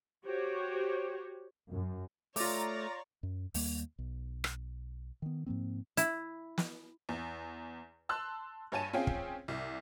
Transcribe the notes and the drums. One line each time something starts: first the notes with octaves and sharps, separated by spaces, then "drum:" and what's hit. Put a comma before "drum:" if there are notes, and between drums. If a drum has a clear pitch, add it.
F#4 G4 C5 C#5
F#2
A3 F4 C#5 D5 A#5 D6 A6, drum: open hi-hat
F#2
D#2 G3 A#3, drum: open hi-hat
B1
drum: rim click
D#3 B3
G#2 F3 A#3 C4
E4, drum: hi-hat
drum: snare
E2
A5 C6 E6 F#6
G2 C#5 G#5 A5 D#7
C4 C#4 F4 G#4 G5
drum: kick
C2